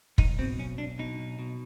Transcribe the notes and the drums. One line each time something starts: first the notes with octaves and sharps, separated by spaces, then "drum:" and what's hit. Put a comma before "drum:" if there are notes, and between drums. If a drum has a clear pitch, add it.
B1 D#4, drum: kick
B2 C4
B1 C#4
B1 D4
B2 D#4
B1
B2